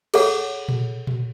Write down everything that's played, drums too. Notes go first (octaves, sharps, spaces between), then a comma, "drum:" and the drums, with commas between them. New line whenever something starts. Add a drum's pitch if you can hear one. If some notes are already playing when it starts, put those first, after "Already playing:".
G#4 A4 C#5 F#5, drum: cymbal
drum: tom A#2
drum: tom A#2